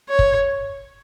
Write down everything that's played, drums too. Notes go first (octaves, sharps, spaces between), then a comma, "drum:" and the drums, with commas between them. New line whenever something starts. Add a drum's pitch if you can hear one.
C#5
drum: kick